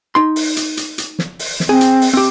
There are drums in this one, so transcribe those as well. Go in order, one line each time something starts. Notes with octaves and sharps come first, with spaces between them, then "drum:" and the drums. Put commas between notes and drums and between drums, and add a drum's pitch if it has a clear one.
D#4 C6
drum: open hi-hat
drum: hi-hat
drum: hi-hat
drum: hi-hat
drum: snare
drum: open hi-hat
drum: snare
C4 G#4
drum: hi-hat
drum: open hi-hat
C4 G4